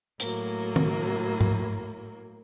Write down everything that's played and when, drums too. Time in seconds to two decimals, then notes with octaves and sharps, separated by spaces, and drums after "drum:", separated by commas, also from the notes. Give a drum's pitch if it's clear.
0.20 A2 F#3 A#3, drum: hi-hat
0.76 drum: tom D#3
1.41 drum: tom G#2